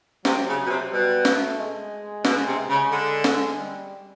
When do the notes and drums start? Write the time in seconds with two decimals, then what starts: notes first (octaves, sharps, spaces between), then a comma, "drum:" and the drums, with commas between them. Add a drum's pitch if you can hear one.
0.25 C3 F#3, drum: snare
0.48 C#3
0.65 B2
0.69 C3
0.91 B2 G3
1.25 A3, drum: snare
1.58 G#3
2.25 B2, drum: snare
2.46 C3
2.68 C#3
2.91 D3
3.24 drum: snare
3.58 G3